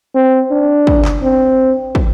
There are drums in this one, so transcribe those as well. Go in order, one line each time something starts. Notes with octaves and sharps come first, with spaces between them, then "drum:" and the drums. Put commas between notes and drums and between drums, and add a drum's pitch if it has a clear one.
C4
D4
drum: kick
drum: clap
C4
drum: kick